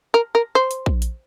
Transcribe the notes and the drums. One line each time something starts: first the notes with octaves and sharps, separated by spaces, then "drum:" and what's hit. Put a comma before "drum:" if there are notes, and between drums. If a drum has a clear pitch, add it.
A#4
A#4
C5
drum: hi-hat
drum: kick A#1
drum: hi-hat